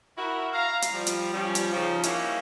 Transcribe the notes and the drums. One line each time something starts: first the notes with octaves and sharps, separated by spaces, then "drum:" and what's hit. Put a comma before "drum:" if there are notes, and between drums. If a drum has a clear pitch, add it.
E4 F#4 A#4
F5 A#5
drum: hi-hat
F3 G3
drum: hi-hat
F3 G3 C#4
drum: hi-hat
C#3 F3 D#4
A#3 C#4 D#4 E4 F#4 G4, drum: hi-hat